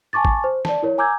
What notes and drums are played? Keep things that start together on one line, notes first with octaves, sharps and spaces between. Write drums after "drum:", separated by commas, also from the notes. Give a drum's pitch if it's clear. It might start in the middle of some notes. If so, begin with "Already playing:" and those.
G#5 A5 C#6 D6 A6
drum: kick G#1
C5
D5 A5, drum: snare
E4 A#4 C#5
G#5 A#5 D6 E6 G6 G#6